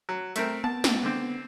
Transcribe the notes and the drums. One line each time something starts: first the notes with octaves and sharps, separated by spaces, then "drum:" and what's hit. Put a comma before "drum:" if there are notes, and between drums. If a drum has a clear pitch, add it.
F#3
A3 C4 A#4, drum: hi-hat
B3 A5
drum: snare
D3 C4